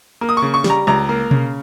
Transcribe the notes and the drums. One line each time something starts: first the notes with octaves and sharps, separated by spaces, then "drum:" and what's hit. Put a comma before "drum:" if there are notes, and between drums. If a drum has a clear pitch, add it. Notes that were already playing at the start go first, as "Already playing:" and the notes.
A#3
D#6
C#6
C#3
C#6
G3, drum: snare
A#5
C#2 A#5
A#3
C#3, drum: tom B2